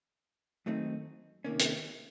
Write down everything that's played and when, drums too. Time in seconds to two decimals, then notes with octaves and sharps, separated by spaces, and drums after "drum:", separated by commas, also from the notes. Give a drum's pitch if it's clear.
0.66 F#2 D#3 A3 C4 D#4
1.45 C3 D#3 A#3 C#4
1.59 drum: hi-hat